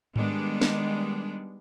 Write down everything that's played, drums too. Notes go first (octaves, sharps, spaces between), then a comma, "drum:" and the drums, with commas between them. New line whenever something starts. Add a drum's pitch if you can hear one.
D#3 G3 G#3 B3 D4, drum: tom G#2
drum: snare